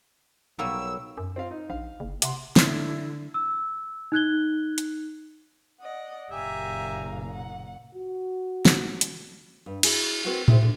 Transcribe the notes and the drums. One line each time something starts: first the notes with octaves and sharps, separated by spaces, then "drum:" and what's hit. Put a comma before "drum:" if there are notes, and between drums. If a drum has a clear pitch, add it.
B1 F#3 G3 A#3 E6
F#2
C4 F4 F5
D#4
A#1 F5
F#1
C3 F#5 C6, drum: hi-hat
D3 E4, drum: snare
E6
D#4 F#6 G#6 G7
drum: hi-hat
D5 D#5 F#5
F#1 A#2 G4 E5 F5 G#5 A#5
F#5
F#4
drum: snare
drum: hi-hat
G2
E4 F#4 G#4 G#5, drum: cymbal
C4 F#4 A#4 B4 F#5
C4 D#4 E4 G#4 B4 C5, drum: tom A2
D3